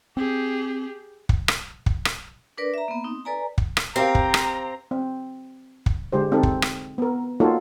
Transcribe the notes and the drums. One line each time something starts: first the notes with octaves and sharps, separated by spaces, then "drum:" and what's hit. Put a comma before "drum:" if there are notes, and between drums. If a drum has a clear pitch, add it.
C4 G4 G#4
drum: kick
drum: rim click
drum: kick
drum: rim click
D4 A#4 B4 D5
E5 A#5
A#3 B3
C4 D#4
A4 B4 D5 G#5 A#5
drum: kick
drum: rim click
C4 G4 A#4 F5 A#5
drum: kick
drum: rim click
C4
drum: kick
D3 G#3 G4 C5
C4 D#4 A4
drum: kick
drum: rim click
B3 A#4
A#3 D#4 F4 F#4 A4 C#5